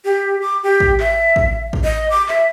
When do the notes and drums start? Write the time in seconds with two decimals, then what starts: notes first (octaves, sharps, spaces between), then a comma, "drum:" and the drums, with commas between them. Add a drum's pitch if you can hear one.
0.05 G4
0.41 D6
0.63 G4
0.80 drum: kick
1.00 E5, drum: clap
1.36 drum: kick
1.73 drum: kick
1.84 D#5
2.10 D6
2.29 E5, drum: clap